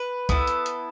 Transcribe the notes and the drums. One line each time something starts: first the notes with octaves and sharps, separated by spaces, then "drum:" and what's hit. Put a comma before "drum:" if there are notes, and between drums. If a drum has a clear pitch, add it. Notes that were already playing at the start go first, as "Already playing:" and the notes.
Already playing: B4
B3 E4 A4, drum: kick, hi-hat
drum: hi-hat
drum: hi-hat